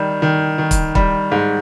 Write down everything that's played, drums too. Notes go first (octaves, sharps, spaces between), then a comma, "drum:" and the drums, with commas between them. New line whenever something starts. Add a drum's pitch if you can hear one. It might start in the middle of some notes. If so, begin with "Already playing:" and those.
Already playing: D#3 G3
D#3
D#3
drum: kick, hi-hat
G3, drum: kick
G#2